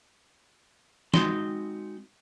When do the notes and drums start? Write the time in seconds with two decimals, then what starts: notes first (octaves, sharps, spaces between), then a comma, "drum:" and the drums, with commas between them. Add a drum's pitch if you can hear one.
1.14 G#3 C4 D#4 F#4 C6, drum: snare